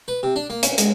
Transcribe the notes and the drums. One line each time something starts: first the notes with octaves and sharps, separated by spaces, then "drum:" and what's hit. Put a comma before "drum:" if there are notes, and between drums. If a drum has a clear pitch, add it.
B4
C3
D4
A#3
C#4, drum: hi-hat
G#3, drum: hi-hat